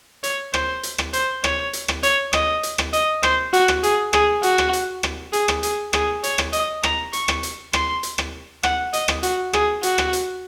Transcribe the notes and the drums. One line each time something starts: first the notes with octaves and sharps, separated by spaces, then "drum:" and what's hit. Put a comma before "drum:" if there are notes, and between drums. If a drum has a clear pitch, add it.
C#5, drum: hi-hat
C5, drum: rim click
drum: hi-hat
drum: rim click
C5, drum: hi-hat
C#5, drum: rim click
drum: hi-hat
drum: rim click
C#5, drum: hi-hat
D#5, drum: rim click
drum: hi-hat
drum: rim click
D#5, drum: hi-hat
C5, drum: rim click
F#4, drum: hi-hat
drum: rim click
G#4, drum: hi-hat
G#4, drum: rim click
F#4, drum: hi-hat
drum: rim click
drum: hi-hat
drum: rim click
G#4, drum: hi-hat
drum: rim click
G#4, drum: hi-hat
G#4, drum: rim click
C#5, drum: hi-hat
drum: rim click
D#5, drum: hi-hat
A#5, drum: rim click
C#6, drum: hi-hat
drum: rim click
drum: hi-hat
C6, drum: rim click
drum: hi-hat
drum: rim click
F#5, drum: rim click
D#5, drum: hi-hat
drum: rim click
F#4, drum: hi-hat
G#4, drum: rim click
F#4, drum: hi-hat
drum: rim click
drum: hi-hat